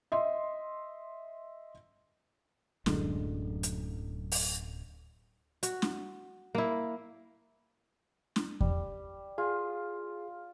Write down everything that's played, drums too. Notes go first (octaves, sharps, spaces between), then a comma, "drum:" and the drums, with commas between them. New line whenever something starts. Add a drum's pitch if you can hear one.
D#5 E5 C6
D1 F#2 D3 G#3, drum: snare
drum: hi-hat
drum: open hi-hat
F#4, drum: hi-hat
drum: snare
A#3 E4
drum: snare
G3, drum: kick E2
F4 G#4